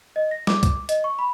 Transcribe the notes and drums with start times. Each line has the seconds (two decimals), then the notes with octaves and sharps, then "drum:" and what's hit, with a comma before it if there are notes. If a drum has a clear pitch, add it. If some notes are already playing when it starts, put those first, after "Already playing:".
0.16 D#5
0.31 A#6
0.47 D6, drum: snare
0.63 drum: kick C#2, hi-hat
0.89 D#5, drum: hi-hat
1.04 C#6
1.19 B5